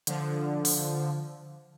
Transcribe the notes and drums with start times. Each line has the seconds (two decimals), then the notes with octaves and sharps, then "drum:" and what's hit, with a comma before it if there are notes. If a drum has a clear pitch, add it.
0.07 D3 F3, drum: hi-hat
0.65 drum: open hi-hat